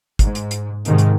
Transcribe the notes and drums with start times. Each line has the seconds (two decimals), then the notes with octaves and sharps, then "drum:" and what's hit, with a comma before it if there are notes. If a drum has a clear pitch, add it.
0.19 G#2, drum: kick, hi-hat
0.35 drum: hi-hat
0.51 drum: hi-hat
0.85 G#2 C3 D#3, drum: hi-hat
0.98 drum: hi-hat